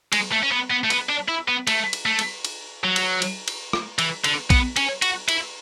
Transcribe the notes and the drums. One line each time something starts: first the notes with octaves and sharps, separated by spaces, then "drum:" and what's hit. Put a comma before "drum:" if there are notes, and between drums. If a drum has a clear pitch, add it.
G#3, drum: cymbal
A3
C#4
B3
B3
A3
B3, drum: cymbal
D4
E4
B3
A3, drum: cymbal
drum: cymbal
A3
drum: cymbal
drum: cymbal
F#3
drum: cymbal
drum: cymbal
drum: cymbal
drum: rim click
E3, drum: cymbal
D3, drum: cymbal
B3, drum: kick A#1, cymbal
C#4, drum: cymbal
F#4, drum: cymbal
E4, drum: cymbal